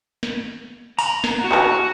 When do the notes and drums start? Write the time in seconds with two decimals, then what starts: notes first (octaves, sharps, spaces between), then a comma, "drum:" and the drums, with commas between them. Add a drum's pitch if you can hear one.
0.23 drum: snare
0.99 A#5, drum: open hi-hat
1.24 drum: snare
1.40 F#4
1.52 drum: clap